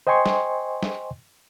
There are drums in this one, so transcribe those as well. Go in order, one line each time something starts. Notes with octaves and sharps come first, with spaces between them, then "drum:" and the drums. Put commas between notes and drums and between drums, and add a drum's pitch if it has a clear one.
C5 D#5 G5 G#5 C6 C#6
drum: snare
drum: snare